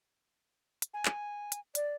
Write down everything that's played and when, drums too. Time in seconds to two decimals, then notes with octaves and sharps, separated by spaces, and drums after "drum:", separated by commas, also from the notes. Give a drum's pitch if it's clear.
0.82 drum: hi-hat
0.94 G#5
1.05 drum: clap
1.52 drum: hi-hat
1.75 D5, drum: hi-hat